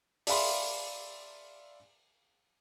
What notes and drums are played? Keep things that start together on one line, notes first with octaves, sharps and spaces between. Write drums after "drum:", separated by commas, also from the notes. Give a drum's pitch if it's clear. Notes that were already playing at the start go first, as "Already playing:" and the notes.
D5 E5 F5 B5 C6, drum: open hi-hat